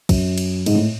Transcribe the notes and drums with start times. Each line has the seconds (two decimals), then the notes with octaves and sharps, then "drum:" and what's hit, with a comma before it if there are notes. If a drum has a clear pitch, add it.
0.09 F#2, drum: kick, cymbal
0.38 drum: cymbal
0.66 G#2, drum: cymbal
0.74 A2